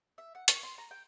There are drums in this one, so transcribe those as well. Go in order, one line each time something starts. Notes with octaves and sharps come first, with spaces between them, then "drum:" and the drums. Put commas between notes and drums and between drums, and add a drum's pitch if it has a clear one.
E5
F#5
C#6, drum: hi-hat
C6
A#5
G5